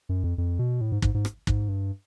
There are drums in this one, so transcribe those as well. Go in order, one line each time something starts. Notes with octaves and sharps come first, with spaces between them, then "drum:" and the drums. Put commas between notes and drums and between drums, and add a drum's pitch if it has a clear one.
F#2
F2
F2
B2
A2
G#2
G#2, drum: kick
G#2
drum: rim click
G#2, drum: kick
G2